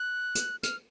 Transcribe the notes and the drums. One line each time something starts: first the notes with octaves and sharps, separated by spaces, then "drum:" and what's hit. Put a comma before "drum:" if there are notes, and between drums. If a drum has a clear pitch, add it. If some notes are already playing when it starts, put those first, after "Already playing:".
Already playing: F#6
drum: hi-hat
F6, drum: hi-hat